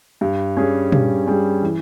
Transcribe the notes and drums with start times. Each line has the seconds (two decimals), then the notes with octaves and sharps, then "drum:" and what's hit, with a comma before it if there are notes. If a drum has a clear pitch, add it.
0.21 G2
0.57 G3 C#4 G#4
0.92 G2, drum: tom A#2
1.27 G3 C#4 G#4
1.62 E3